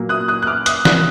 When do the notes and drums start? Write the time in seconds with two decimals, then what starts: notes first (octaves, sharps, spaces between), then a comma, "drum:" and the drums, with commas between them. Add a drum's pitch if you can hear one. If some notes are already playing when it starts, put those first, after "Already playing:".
Already playing: A#2 F#3 A#3
0.09 D#6 F#6
0.28 D#6 F#6
0.42 F#6
0.47 D6 F6
0.66 D#6 F#6, drum: hi-hat
0.85 D#6 F#6, drum: snare